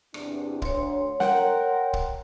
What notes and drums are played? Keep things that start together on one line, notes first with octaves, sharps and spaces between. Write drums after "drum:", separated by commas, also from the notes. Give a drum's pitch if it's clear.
E2 C3 D4, drum: rim click
D2 C#5 C6, drum: kick
A#4 F#5 G5, drum: snare
drum: kick